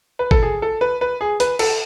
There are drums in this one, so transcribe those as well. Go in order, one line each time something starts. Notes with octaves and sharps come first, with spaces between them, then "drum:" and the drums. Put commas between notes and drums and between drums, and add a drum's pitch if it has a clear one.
B4
A4, drum: kick G#1
G#4
A4
B4
B4
G#4
B4, drum: hi-hat
A4, drum: cymbal